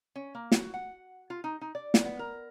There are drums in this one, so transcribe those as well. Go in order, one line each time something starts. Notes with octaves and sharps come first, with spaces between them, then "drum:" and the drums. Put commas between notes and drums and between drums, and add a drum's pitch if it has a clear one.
C#4
A#3
F#4, drum: snare
F#5
F4
D#4
D#4
D5
drum: snare
B3
A#4